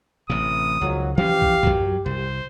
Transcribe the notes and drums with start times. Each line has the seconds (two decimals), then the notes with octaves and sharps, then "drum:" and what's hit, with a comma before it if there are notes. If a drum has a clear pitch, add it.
0.30 A1 C3 D#6
0.81 C#2 D#3 F3 F#3
1.17 E3 F3 C#4 G4 F5
1.42 drum: kick
1.63 F#2 F#3, drum: kick
2.06 C2 C5